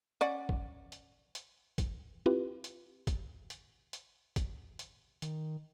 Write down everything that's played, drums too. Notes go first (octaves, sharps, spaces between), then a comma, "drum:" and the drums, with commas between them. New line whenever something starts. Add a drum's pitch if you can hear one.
C#4 D5 F#5
drum: kick
drum: hi-hat
drum: hi-hat
drum: kick, hi-hat
C4 E4 F4 G4 B4
drum: hi-hat
drum: kick, hi-hat
drum: hi-hat
drum: hi-hat
drum: kick, hi-hat
drum: hi-hat
D#3, drum: hi-hat